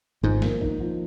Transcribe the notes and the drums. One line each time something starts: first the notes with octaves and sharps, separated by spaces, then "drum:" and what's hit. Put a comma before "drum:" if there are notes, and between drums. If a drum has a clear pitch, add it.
G#1 G#2 F3
A#3, drum: snare
D#4, drum: kick A#1
F3